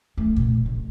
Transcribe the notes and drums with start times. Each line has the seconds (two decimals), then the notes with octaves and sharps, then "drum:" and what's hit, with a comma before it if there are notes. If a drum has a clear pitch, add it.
0.17 A3
0.36 A#2, drum: kick
0.66 A1